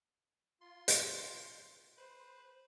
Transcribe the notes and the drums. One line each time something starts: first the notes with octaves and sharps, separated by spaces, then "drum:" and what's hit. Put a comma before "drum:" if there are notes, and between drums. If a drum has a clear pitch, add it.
F4 C6
drum: hi-hat
B4 C5